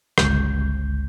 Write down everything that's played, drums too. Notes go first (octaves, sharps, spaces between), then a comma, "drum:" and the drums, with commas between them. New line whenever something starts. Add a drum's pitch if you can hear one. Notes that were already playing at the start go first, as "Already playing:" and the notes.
G1 C#2 G6, drum: rim click